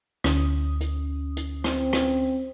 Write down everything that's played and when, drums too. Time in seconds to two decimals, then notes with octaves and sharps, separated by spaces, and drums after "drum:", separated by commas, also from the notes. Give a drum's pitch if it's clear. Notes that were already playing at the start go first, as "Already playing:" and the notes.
0.24 D2 C#4 D#6, drum: rim click
0.81 drum: hi-hat
1.37 drum: hi-hat
1.64 C4, drum: rim click
1.93 drum: rim click